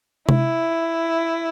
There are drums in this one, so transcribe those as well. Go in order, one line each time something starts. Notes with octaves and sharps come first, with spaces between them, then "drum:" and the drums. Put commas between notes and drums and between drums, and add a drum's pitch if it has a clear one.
E4, drum: tom C3